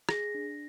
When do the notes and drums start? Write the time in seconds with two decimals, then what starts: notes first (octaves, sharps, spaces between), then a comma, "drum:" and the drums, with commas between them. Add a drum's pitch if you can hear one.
0.09 G#4 A#6, drum: rim click
0.35 D4